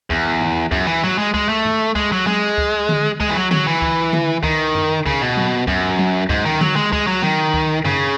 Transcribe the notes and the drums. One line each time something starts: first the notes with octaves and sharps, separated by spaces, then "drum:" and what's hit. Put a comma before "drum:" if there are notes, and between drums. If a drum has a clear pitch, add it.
E2, drum: kick C#2
drum: tom G#2
F#2, drum: kick C#2
E3
F#3, drum: tom G#2
G#3
G#3, drum: kick C#2
A3
drum: tom G#2
G#3, drum: kick C#2
F#3
G#3, drum: tom F#3
drum: kick C#2
drum: tom D3
G#3, drum: kick C#2
E3
F#3
F#3, drum: tom D3
E3
drum: kick C#2
drum: tom D3
D#3, drum: kick C#2
drum: tom F#2
C#3, drum: kick C#2
B2
drum: tom F#3
F#2, drum: kick C#2
drum: tom F#3
G#2, drum: kick C#2
D#3
F#3, drum: tom D3
G#3
G#3, drum: kick C#2
F#3
D#3, drum: tom F#3
drum: kick C#2
C#3, drum: tom F#2